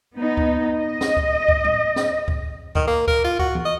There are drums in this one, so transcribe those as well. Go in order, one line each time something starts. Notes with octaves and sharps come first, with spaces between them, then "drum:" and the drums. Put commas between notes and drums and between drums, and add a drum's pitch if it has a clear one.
B3 D#4
drum: kick C#2
D#5
drum: snare
drum: kick C#2
drum: kick C#2
drum: tom A2
drum: snare
drum: kick C#2
D#3, drum: kick C#2
A#3
A#4, drum: kick C#2
F4
F#4, drum: kick C#2
drum: tom E3
D#5